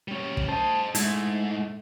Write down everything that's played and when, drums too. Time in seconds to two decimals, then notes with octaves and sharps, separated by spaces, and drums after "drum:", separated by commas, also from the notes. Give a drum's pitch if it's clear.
0.08 G3 C#4
0.37 drum: kick
0.49 C5 D#5 A5
0.95 G#2 G#3 A3 E4, drum: hi-hat